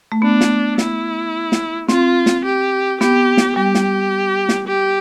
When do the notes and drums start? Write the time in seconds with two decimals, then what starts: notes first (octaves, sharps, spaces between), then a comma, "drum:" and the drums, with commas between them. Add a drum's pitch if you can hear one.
0.12 A3
0.22 B3 D4
0.41 drum: snare
0.78 E4, drum: snare
1.52 drum: snare
1.88 C4 F4, drum: snare
2.26 drum: snare
2.45 G4
3.01 B3 G4, drum: snare
3.37 drum: snare
3.56 G3 G4
3.75 drum: snare
4.49 drum: snare
4.68 G4